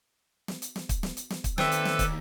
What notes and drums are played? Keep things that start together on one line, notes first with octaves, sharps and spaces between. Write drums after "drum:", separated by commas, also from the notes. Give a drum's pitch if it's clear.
drum: snare
drum: hi-hat
drum: snare
drum: kick, hi-hat
drum: snare
drum: hi-hat
drum: snare
drum: kick, hi-hat
D#2 D#3 C4 A4 B4 D5 E5 E6, drum: snare
drum: hi-hat
drum: snare
drum: kick, hi-hat